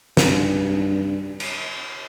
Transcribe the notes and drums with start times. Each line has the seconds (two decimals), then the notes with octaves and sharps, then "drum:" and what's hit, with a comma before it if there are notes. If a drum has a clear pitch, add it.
0.17 G2, drum: snare
1.40 drum: cymbal